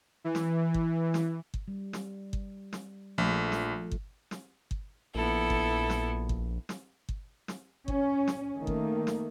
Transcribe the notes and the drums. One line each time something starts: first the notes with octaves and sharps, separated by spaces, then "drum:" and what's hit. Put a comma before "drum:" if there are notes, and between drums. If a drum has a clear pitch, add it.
E3
drum: snare
drum: kick G1
drum: snare
drum: kick G1
G3
drum: snare
drum: kick G1
drum: snare
A#1 F3 A3
drum: snare
drum: kick G1
drum: snare
drum: kick G1
A#1 B3 E4 A4
drum: kick G1
drum: snare
drum: kick G1
drum: snare
drum: kick G1
drum: snare
C#4, drum: kick G1
drum: snare
D#3 A3 A#3
drum: kick G1
drum: snare